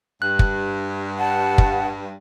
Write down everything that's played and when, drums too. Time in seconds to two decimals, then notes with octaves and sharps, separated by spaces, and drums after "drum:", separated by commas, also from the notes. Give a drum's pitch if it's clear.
0.22 G2 F#6
0.39 drum: kick
1.18 F#5 A5
1.58 drum: kick